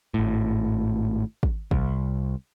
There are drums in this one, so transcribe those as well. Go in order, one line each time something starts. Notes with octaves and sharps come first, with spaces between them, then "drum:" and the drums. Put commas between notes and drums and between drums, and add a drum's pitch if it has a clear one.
G#1 A2
drum: kick
C2, drum: kick